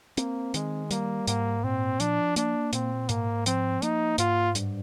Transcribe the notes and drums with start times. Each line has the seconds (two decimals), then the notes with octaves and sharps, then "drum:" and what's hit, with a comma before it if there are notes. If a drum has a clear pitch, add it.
0.17 A#3 C4, drum: hi-hat
0.54 D#3 G#3, drum: hi-hat
0.91 G3 A#3, drum: hi-hat
1.28 G#2 A#3, drum: hi-hat
1.64 A#2 C4
2.00 F3 D4, drum: hi-hat
2.36 A#3 D4, drum: hi-hat
2.73 A#2 C4, drum: hi-hat
3.09 G#2 A#3, drum: hi-hat
3.46 F3 C4, drum: hi-hat
3.82 A#3 D#4, drum: hi-hat
4.18 G#2 F4, drum: hi-hat
4.55 G2, drum: hi-hat